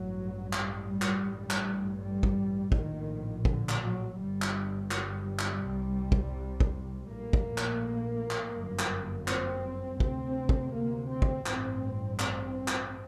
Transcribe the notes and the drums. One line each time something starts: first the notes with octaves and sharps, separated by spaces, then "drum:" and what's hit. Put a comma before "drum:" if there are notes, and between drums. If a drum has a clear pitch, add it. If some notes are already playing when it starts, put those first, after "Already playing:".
Already playing: A1 G2 F#3
G3, drum: clap
drum: clap
A1 G2
drum: clap
G3
drum: kick
A#1 A2 D#3, drum: kick
D3, drum: kick
drum: clap
F#3
G1 G2 G3
drum: clap
G3, drum: clap
drum: clap
C2 C3
drum: kick
drum: kick
A#1 A2 A#3
drum: kick
drum: clap
drum: clap
G1 F#2
drum: clap
C4, drum: clap
D2 C3 C4, drum: kick
drum: kick
A#3
C4
drum: kick
A1 G2 C4, drum: clap
C4, drum: clap
drum: clap